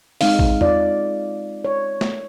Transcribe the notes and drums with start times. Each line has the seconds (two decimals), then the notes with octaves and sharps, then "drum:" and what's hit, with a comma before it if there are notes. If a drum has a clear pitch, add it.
0.21 G#3 C4 D#4 F5, drum: open hi-hat
0.39 drum: kick A1
0.61 F4 D5, drum: tom E2
1.65 C#5
2.01 drum: snare